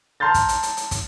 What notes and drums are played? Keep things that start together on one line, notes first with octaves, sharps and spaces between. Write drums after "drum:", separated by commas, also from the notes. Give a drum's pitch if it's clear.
A5 A#5 C6 F6 G6 A6
drum: kick, hi-hat
drum: hi-hat
drum: hi-hat
drum: hi-hat
drum: kick, hi-hat